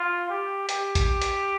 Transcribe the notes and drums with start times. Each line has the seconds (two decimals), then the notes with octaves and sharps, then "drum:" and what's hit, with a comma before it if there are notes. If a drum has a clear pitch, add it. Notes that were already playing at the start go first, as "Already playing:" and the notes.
Already playing: F4
0.30 G4
0.69 G4, drum: hi-hat
0.95 drum: kick G#1, hi-hat
1.22 drum: hi-hat